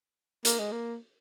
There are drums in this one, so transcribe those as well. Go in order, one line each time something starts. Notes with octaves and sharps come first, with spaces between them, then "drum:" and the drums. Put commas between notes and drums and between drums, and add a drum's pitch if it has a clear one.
A#3, drum: hi-hat
G#3
A#3